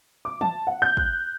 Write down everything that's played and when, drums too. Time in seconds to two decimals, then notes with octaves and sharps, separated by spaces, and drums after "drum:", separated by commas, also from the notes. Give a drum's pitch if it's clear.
0.25 D6
0.41 A5, drum: tom E3
0.67 F#5
0.82 G6
0.97 F#6, drum: kick